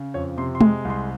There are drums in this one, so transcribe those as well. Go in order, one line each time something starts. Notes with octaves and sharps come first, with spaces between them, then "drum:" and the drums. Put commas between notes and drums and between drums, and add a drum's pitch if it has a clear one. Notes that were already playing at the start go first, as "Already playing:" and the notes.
Already playing: C#3
F2 C#5
C3 C6
C6
G#3, drum: tom G#3
C2
C6